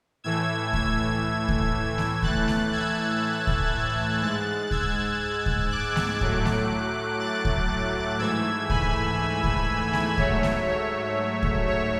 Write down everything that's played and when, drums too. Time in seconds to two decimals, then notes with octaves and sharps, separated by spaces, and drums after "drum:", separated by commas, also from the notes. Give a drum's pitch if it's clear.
0.24 A2 E3 A3 E6 G#6
0.73 E6 G#6, drum: kick C#2
1.48 drum: kick C#2
1.98 drum: snare A3
2.22 A2 E3 A3 F#6 A6, drum: kick C#2
2.48 drum: snare A3
2.73 E6 G#6
3.47 drum: kick C#2
4.22 G#2 G#3 F#6 A6
4.71 E6 G#6, drum: kick C#2
5.46 drum: kick C#2
5.71 D6 F#6
5.96 drum: snare A3
6.21 A2 F#3 A3, drum: kick C#2
6.45 drum: snare A3
7.19 F#6 A6
7.45 drum: kick C#2
8.19 G#2 E3 A3 E6 G#6
8.70 G#5 B5, drum: kick C#2
9.44 drum: kick C#2
9.93 drum: snare A3
10.18 G#2 F#3 A3 C#5 E5, drum: kick C#2
10.43 drum: snare A3
10.68 C#5
11.42 drum: kick C#2
11.68 C#5